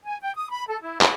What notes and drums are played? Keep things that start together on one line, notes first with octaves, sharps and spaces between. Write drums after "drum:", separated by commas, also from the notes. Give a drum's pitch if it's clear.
G#5
G5
D#6
B5
A4
E4
B5, drum: clap